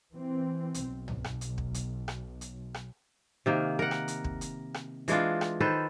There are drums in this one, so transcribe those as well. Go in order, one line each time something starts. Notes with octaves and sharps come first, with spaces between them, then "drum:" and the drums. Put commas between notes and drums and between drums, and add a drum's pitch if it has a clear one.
E3 C4
drum: hi-hat
B1
drum: tom
drum: rim click
drum: hi-hat
drum: kick
drum: hi-hat
drum: rim click
drum: hi-hat
drum: rim click
C3 D#3 A#3
A#4 F#5
drum: rim click
drum: hi-hat
drum: kick
drum: hi-hat
drum: rim click
E3 G#3 D4 F4, drum: hi-hat
drum: rim click
D#3 A4 B4 C5